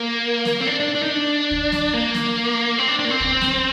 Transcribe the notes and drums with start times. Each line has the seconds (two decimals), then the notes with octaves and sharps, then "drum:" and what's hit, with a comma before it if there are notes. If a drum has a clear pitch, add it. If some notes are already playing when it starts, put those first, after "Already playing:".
Already playing: A#3
0.45 drum: snare
0.60 C4
0.67 D4
0.80 D4
0.95 D4
1.02 D#4
1.09 D4
1.51 drum: kick
1.72 drum: snare
1.94 A#3
2.14 drum: snare
2.78 C4
2.88 D4
2.99 D4
3.05 A#3
3.10 C4
3.20 drum: kick
3.41 drum: snare